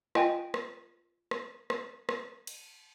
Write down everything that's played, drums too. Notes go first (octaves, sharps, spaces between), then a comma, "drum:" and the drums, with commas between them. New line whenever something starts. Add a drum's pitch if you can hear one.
F4 D#5 G5 G#5, drum: rim click
drum: rim click
drum: rim click
drum: rim click
drum: rim click
drum: cymbal